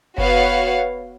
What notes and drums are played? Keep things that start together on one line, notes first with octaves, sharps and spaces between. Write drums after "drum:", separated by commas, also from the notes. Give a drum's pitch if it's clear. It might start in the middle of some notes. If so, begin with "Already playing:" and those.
B3 F#4 C#5 F5, drum: kick F#1